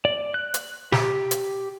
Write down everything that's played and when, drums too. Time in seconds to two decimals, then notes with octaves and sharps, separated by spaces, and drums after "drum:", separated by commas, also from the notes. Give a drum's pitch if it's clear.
0.05 D5
0.34 F#6
0.54 drum: hi-hat
0.92 G4, drum: snare
1.31 drum: hi-hat